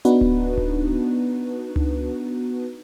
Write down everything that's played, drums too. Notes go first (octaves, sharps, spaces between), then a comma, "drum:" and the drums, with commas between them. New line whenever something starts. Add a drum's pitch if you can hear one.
B3 D4 D#4 F#4 B4, drum: hi-hat
drum: kick D1
drum: kick D1
drum: tom C#2